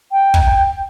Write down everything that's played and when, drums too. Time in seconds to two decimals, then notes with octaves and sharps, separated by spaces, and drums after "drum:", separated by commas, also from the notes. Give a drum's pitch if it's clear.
0.12 G5
0.34 drum: kick